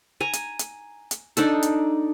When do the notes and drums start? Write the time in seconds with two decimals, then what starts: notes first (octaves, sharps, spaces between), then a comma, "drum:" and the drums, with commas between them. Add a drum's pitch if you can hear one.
0.20 G#5 A#5
0.33 drum: hi-hat
0.59 drum: hi-hat
1.11 drum: hi-hat
1.37 D4 D#4 A4, drum: hi-hat
1.63 drum: hi-hat